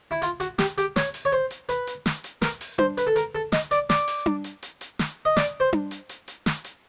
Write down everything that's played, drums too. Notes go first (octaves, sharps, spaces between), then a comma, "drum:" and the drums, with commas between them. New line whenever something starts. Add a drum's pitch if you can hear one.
E4
F4, drum: hi-hat
F#4, drum: hi-hat
G4, drum: snare
G4, drum: hi-hat
C#5, drum: snare
drum: open hi-hat
C#5
C5
drum: hi-hat
B4, drum: hi-hat
drum: hi-hat
drum: snare
drum: hi-hat
A#4, drum: snare
drum: open hi-hat
C5, drum: tom D4
B4, drum: hi-hat
A4
A#4, drum: hi-hat
A4
D#5, drum: snare
D5, drum: hi-hat
D5, drum: snare
drum: open hi-hat
drum: tom D4
drum: hi-hat
drum: hi-hat
drum: hi-hat
drum: snare
D#5
D5, drum: snare
C5
drum: tom D4
drum: hi-hat
drum: hi-hat
drum: hi-hat
drum: snare
drum: hi-hat